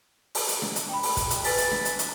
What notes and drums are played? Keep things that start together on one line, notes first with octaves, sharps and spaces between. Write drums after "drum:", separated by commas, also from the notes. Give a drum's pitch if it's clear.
drum: open hi-hat
drum: hi-hat
drum: snare
drum: hi-hat
G5 B5
drum: open hi-hat
drum: kick, hi-hat
drum: hi-hat
B4 G#5 A6 B6, drum: open hi-hat
drum: hi-hat
drum: snare
drum: hi-hat
drum: hi-hat